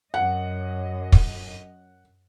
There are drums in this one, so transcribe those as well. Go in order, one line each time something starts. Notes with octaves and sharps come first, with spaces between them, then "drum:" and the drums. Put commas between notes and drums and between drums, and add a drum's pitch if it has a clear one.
F#2 D#5 F#5
drum: kick